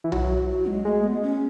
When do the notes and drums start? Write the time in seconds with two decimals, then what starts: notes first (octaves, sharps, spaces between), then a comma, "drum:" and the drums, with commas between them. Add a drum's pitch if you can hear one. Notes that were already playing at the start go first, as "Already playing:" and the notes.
0.04 E3
0.12 F#3 F#4, drum: tom B1
0.49 F#4
0.66 G#3
0.85 G#3 A3
1.04 B3
1.22 C#4